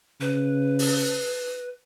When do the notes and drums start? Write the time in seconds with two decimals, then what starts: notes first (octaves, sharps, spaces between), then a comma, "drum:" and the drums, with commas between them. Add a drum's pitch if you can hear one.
0.21 C#3 B4
0.79 drum: open hi-hat